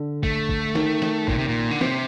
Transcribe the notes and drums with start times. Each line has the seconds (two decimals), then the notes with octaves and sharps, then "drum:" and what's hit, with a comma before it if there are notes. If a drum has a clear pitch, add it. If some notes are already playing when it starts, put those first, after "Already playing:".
Already playing: D3
0.23 A3, drum: kick
0.49 drum: kick
0.75 D#3, drum: snare
1.02 drum: snare
1.28 A#2, drum: kick
1.38 C3
1.48 A#2
1.71 D3
1.81 C3 C4, drum: snare